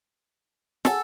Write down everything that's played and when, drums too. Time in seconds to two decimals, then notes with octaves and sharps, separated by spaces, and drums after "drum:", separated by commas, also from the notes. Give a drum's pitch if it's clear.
0.85 A4 F#5 G#5, drum: snare